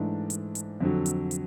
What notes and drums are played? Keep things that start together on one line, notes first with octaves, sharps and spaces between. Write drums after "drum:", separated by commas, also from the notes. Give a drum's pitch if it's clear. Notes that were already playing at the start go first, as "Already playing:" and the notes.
Already playing: G#2 E3 A3 D4
drum: hi-hat
drum: hi-hat
F2 D3 F#3
drum: hi-hat
drum: hi-hat